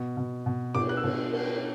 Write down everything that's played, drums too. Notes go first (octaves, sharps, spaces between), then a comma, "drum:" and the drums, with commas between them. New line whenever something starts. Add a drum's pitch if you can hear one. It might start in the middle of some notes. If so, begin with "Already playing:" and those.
Already playing: B2
B2
B2
B2 D6, drum: cymbal
F#6
E6
B2, drum: cymbal
drum: cymbal